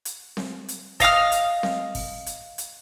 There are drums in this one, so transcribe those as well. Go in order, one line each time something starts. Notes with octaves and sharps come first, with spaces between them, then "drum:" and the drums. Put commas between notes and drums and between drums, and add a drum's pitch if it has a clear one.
drum: hi-hat
drum: snare C4
drum: hi-hat
D#5 F5 D#6 F6, drum: kick, hi-hat
drum: hi-hat
drum: snare C4
drum: kick, open hi-hat
drum: hi-hat
drum: hi-hat